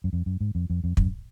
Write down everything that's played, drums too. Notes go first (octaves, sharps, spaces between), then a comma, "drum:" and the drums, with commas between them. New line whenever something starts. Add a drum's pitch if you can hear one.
F#2
F2
F#2
G#2
F2
F2
F2
F#2, drum: kick